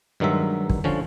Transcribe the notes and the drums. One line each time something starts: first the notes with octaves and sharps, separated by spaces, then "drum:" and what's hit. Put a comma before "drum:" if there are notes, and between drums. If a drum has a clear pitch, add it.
G2 D#3 F#3 G#3 E5
drum: kick
D3 F3 C#4